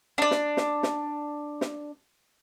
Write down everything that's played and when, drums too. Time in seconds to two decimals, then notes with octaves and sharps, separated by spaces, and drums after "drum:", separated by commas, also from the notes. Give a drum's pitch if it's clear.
0.18 D4 D5
0.31 drum: snare
0.57 drum: snare
0.83 drum: snare
1.61 drum: snare